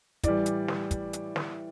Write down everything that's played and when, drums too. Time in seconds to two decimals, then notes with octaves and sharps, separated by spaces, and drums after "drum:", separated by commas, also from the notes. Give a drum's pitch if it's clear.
0.23 A2 E3 G3 D5, drum: kick, hi-hat
0.46 drum: hi-hat
0.68 drum: snare
0.91 drum: kick, hi-hat
1.13 drum: hi-hat
1.36 drum: snare